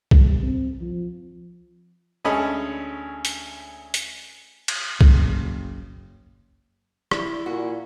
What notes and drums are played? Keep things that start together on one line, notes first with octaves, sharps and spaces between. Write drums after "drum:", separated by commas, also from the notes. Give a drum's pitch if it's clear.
G3, drum: kick B1
C4
F3
D2 G#3 C#4 A4 B5 D#6
drum: hi-hat
drum: hi-hat
drum: cymbal
F#1, drum: kick B1
E4 D5, drum: rim click
A#2 F#4